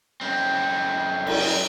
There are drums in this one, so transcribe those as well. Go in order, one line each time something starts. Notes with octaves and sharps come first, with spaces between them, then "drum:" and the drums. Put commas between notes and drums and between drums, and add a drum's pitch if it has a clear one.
F#2 C4
drum: cymbal